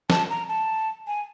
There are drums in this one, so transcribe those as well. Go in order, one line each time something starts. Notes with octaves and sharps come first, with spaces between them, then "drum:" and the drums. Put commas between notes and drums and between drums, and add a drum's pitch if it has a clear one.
A5, drum: snare
A#5
A5
G#5